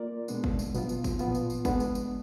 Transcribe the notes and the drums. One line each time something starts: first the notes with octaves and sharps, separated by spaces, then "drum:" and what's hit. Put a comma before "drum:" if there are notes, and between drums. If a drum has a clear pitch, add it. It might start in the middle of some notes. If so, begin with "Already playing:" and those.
Already playing: A#3 F4 A#4 D5
B2 G#3 B3 D4, drum: tambourine
drum: kick
drum: tambourine
B2 F#3 B3 F4, drum: tambourine
drum: tambourine
drum: kick, tambourine
A#2 F3 B3 F4, drum: tambourine
drum: tambourine
drum: tambourine
G#3 B3 D4, drum: kick, tambourine
drum: tambourine
drum: tambourine